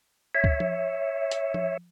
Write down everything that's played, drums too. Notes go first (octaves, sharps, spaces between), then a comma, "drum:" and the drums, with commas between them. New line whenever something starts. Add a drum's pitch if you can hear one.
C#5 E5
drum: kick C#2
drum: tom F3
drum: hi-hat
drum: tom F3